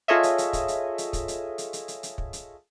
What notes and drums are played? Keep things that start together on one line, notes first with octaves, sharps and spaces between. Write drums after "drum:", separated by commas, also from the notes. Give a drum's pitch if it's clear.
F4 G#4 A4 C#5 D#5 E5
drum: hi-hat
drum: hi-hat
drum: kick, hi-hat
drum: hi-hat
drum: hi-hat
drum: kick, hi-hat
drum: hi-hat
drum: hi-hat
drum: hi-hat
drum: hi-hat
drum: hi-hat
drum: kick
drum: hi-hat